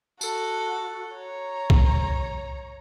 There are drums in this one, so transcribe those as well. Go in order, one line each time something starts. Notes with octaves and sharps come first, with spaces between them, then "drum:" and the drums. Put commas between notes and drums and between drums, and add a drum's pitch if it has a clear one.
F#4 A4, drum: tambourine
C#5 A#5
drum: kick C2